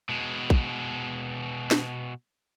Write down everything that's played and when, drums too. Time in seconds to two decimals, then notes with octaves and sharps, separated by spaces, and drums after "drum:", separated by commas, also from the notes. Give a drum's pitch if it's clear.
0.09 B2 G#3
0.50 drum: kick
1.71 drum: snare